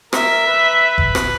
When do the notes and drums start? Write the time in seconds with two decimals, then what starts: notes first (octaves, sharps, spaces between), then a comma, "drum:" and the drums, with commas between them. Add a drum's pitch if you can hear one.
0.13 A#4 E5, drum: rim click
0.47 B4
0.98 drum: kick F#1
1.15 drum: rim click